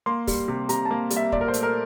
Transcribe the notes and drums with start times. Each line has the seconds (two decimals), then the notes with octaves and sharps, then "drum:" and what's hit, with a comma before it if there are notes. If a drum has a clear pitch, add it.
0.06 A#3 C6
0.27 G3, drum: kick, open hi-hat
0.48 C3
0.69 C3 A#5, drum: hi-hat
0.85 A5
0.91 A#3
1.10 G3, drum: hi-hat
1.16 E5
1.32 A#2 D5, drum: kick
1.41 A#4
1.48 C5
1.54 A3, drum: hi-hat
1.63 A#4